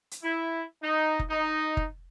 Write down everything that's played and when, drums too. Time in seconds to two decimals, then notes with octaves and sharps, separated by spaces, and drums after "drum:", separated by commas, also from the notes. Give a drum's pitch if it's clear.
0.11 drum: hi-hat
0.23 E4
0.83 D#4
1.19 drum: kick F#1
1.30 D#4
1.77 drum: kick F#1